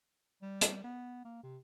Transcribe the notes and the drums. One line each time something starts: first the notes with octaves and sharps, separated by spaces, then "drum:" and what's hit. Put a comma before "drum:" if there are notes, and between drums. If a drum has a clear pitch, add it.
G3
drum: hi-hat
B3
A#3
C3